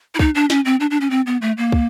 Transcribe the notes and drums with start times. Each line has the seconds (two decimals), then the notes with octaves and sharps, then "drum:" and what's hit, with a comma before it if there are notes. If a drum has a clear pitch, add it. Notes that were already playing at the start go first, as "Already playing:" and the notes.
0.15 E4
0.19 D#4, drum: kick
0.35 D4
0.50 C#4, drum: snare
0.65 C4
0.80 D4
0.91 D4
1.01 C#4
1.11 C4
1.27 B3
1.42 A3
1.57 A#3
1.72 drum: kick